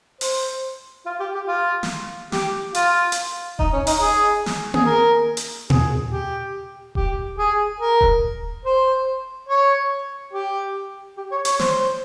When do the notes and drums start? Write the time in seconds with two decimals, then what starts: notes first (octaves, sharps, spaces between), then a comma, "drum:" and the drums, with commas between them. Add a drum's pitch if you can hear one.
0.21 C5, drum: open hi-hat
1.06 F4
1.19 G4
1.34 G4
1.47 F4
1.83 drum: snare
2.32 G4, drum: snare
2.75 F4, drum: hi-hat
3.12 drum: hi-hat
3.59 D#4, drum: kick D#1
3.73 C#4
3.87 D#4, drum: open hi-hat
4.00 G#4
4.46 drum: snare
4.74 G#4, drum: tom A#3
4.85 A#4
5.37 drum: hi-hat
5.70 G#4, drum: tom A#2
6.11 G4
6.95 G4, drum: kick D#1
7.38 G#4
7.80 A#4
8.01 drum: kick D#1
8.65 C5
9.49 C#5
10.33 G4
11.17 G4
11.31 C#5
11.45 C#5, drum: hi-hat
11.59 C5, drum: snare